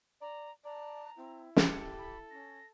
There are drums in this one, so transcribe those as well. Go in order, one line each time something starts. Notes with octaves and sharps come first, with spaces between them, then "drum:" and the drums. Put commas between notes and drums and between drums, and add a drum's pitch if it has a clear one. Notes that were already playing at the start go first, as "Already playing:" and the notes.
D5 A#5
D5 A5 A#5
C4 E4
G4 A4 C#7, drum: snare
B5
C#4 A#6